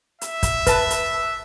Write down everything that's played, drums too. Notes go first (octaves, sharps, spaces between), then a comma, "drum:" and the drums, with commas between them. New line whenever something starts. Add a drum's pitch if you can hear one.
E5, drum: hi-hat
drum: kick, hi-hat
B4 A5, drum: kick, hi-hat
drum: hi-hat